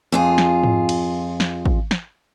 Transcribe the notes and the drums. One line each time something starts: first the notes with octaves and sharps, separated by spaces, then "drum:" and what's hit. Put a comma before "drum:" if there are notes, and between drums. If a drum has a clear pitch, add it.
F2 F4 G#4
drum: snare
drum: tom G#2
drum: cymbal
drum: snare
drum: kick
drum: snare